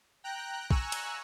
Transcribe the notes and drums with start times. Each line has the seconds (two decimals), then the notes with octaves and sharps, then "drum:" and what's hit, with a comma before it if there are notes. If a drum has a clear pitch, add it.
0.24 G5 A#5 F#6
0.71 G#5 A#5 C#6 E6 F#6, drum: kick
0.92 drum: cymbal